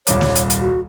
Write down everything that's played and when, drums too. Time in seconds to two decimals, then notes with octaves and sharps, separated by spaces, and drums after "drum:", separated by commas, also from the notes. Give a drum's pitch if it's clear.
0.07 D#1 C2 C#5 D6, drum: hi-hat
0.21 drum: snare
0.35 drum: hi-hat
0.50 drum: hi-hat
0.61 F#4